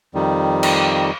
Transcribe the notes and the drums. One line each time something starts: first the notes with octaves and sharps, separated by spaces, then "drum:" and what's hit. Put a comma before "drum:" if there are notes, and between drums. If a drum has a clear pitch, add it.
F2 D#3 G3
drum: cymbal